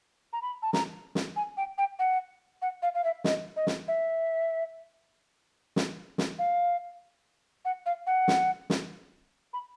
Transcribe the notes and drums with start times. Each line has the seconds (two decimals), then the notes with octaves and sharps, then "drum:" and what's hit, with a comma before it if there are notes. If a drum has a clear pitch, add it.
0.33 A#5
0.42 B5
0.62 A5
0.73 A#5, drum: snare
1.15 drum: snare
1.36 G#5
1.57 G5
1.78 G5
1.99 F#5
2.62 F#5
2.82 F5
2.95 F5
3.04 E5
3.24 D#5, drum: snare
3.56 D#5
3.67 drum: snare
3.88 E5
5.76 drum: snare
6.18 drum: snare
6.39 F5
7.65 F#5
7.86 F5
8.07 F#5
8.28 drum: snare
8.70 drum: snare
9.53 B5